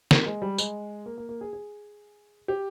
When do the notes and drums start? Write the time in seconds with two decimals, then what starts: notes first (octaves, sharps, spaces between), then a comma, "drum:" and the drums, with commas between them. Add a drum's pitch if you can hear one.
0.11 A#3, drum: snare
0.26 G#3
0.42 G3
0.58 G#3, drum: tambourine
1.06 A#3
1.18 A#3
1.29 A#3
1.41 G#4
1.53 G#4
2.48 G4